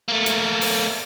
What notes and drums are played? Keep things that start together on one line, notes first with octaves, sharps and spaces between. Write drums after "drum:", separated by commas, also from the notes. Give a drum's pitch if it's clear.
A3 A#3
drum: hi-hat
drum: open hi-hat